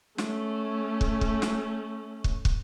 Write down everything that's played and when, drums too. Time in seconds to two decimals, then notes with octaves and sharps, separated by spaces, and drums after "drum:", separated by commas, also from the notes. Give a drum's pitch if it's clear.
0.18 A3 C#4, drum: snare
1.01 drum: kick
1.21 drum: kick
1.42 drum: snare
2.24 drum: kick
2.45 drum: kick